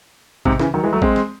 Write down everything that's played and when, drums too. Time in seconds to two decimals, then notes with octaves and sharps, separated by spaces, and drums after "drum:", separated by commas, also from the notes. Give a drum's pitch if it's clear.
0.45 G#2 C3, drum: kick A1
0.59 C#3 E3, drum: snare
0.74 D#3 F#3
0.83 E3 G#3
0.93 F#3 A3
1.02 G#3 C4, drum: kick A1
1.16 drum: snare